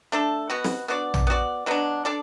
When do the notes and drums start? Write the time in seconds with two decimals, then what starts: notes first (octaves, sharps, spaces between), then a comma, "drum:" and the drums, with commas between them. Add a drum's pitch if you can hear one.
0.12 A3 D4 A4
0.50 B2 B3 F#4
0.64 drum: snare
0.88 B3 D4 F#4 D5
1.14 drum: tom A#1
1.27 B3 F#4 D5
1.66 B2 F#3 B3 D4
2.05 D4 A4 D5